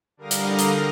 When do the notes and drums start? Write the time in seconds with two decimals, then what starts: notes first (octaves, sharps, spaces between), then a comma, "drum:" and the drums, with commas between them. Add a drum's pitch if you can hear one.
0.17 D3 G3 A#4 F5 D#6 A#6
0.31 drum: hi-hat
0.59 drum: hi-hat